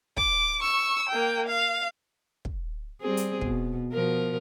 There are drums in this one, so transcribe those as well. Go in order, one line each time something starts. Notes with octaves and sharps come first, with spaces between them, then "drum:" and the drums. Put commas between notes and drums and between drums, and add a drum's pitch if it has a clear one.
D6, drum: kick
C#6 E6
A#3 G5
F5
drum: kick
G3 C4 G#4
drum: hi-hat
B2, drum: kick
B2 F3 A#4